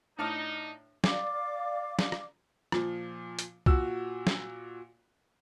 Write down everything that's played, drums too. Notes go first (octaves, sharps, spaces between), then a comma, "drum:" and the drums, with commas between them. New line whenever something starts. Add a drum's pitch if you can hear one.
A2 D4 D#4 F6
D5 F5 D6, drum: snare
drum: snare
drum: rim click
A#2 F3, drum: rim click
drum: hi-hat
A#2 F#4 E6, drum: kick C2
drum: snare